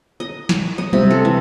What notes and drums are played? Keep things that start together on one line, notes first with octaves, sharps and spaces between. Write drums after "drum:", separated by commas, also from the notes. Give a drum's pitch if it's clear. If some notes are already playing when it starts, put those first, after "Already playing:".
D#5
drum: snare
D#5
C3, drum: tom F#3
A4
E3